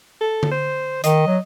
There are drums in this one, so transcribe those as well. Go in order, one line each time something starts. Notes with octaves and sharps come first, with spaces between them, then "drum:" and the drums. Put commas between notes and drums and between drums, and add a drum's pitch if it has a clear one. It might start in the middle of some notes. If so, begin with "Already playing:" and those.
A4
drum: tom D3
C5
D#3 D#5, drum: hi-hat
F#3